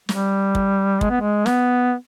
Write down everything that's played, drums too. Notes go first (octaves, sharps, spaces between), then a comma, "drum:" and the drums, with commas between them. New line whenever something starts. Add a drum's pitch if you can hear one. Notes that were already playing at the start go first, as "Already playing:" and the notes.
G3, drum: snare
drum: kick
G#3, drum: kick
B3
G#3
B3, drum: snare